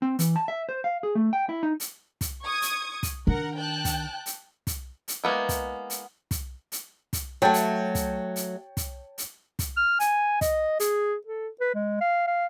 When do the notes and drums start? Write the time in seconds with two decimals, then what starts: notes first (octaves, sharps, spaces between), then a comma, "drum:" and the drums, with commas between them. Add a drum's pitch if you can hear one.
0.02 C4
0.19 E3, drum: hi-hat
0.36 A5
0.48 E5
0.69 C5
0.84 F5
1.03 G#4
1.15 A3
1.33 G5
1.49 E4
1.63 D#4
1.80 drum: hi-hat
2.21 drum: kick, hi-hat
2.44 C#6 D#6 G#6
2.62 drum: hi-hat
3.03 drum: kick, hi-hat
3.27 D#3 D4 A#4 F#5
3.56 G5 A5 F#6
3.85 drum: kick, hi-hat
4.26 drum: hi-hat
4.67 drum: kick, hi-hat
5.08 drum: hi-hat
5.24 G#3 A#3 B3 E4
5.49 drum: kick, hi-hat
5.90 drum: hi-hat
6.31 drum: kick, hi-hat
6.72 drum: hi-hat
7.13 drum: kick, hi-hat
7.42 F#3 A3 C#5 G5 A5
7.54 drum: hi-hat
7.95 drum: kick, hi-hat
8.36 drum: hi-hat
8.77 drum: kick, hi-hat
9.18 drum: hi-hat
9.59 drum: kick, hi-hat
9.77 F6
10.00 G#5, drum: hi-hat
10.41 D#5, drum: kick, hi-hat
10.80 G#4, drum: hi-hat
11.27 A4
11.61 B4
11.75 G#3
12.01 F5
12.27 F5